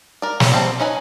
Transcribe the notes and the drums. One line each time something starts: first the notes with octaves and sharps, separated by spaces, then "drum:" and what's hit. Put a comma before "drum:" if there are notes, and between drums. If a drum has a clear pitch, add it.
A#4 D5
C#5, drum: snare
G3 C4 A5
C#4 D#4 B4 G#5